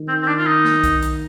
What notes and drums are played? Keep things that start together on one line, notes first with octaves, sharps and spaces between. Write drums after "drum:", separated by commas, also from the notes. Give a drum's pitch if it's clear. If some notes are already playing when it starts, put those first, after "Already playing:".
Already playing: D#3
C4
C4
D4
F4
D#4
drum: snare
drum: kick B1, hi-hat
drum: hi-hat